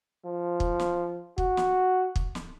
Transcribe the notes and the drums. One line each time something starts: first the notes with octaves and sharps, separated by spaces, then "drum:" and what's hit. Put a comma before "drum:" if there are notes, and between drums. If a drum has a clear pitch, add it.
F3
drum: kick
drum: snare
F#4, drum: kick
drum: snare
drum: kick
drum: snare